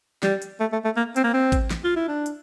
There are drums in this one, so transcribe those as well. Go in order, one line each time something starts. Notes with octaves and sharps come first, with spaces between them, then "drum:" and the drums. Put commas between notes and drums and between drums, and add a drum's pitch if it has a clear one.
G3, drum: snare
drum: hi-hat
A3
A3
A3
A#3
C4, drum: hi-hat
A#3
C4
drum: kick A1, hi-hat
drum: snare
F4
E4
D4
drum: hi-hat